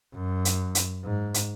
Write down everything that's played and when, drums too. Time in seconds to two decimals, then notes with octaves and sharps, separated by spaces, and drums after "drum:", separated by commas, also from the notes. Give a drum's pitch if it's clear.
0.15 F#2
0.45 drum: hi-hat
0.75 drum: hi-hat
1.04 G#2
1.34 drum: hi-hat